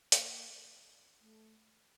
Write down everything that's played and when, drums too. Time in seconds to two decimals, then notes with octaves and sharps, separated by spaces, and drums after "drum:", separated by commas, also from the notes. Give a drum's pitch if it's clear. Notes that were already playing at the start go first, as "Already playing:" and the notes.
0.12 A#3, drum: hi-hat
1.21 A3